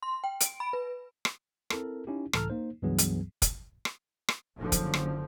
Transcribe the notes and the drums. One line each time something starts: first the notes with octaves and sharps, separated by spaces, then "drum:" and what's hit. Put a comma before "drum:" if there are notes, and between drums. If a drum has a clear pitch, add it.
C6
G5
D7, drum: hi-hat
B5
B4
drum: rim click
C4 E4 A4 A#4, drum: rim click
C#4 D#4 E4 G4
C#2 A2 E3 A4 A#5 F6, drum: rim click
A#3 D#4 C5
C#2 G2 E3 F#3 B3 G#4
drum: hi-hat
drum: kick, hi-hat
drum: rim click
drum: rim click
F#1 D3 F3
drum: kick, hi-hat
drum: rim click